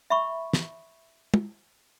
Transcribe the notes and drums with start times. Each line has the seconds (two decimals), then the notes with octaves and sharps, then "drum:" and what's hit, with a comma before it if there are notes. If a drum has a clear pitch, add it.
0.10 E5 B5 C#6
0.53 drum: snare
1.34 drum: tom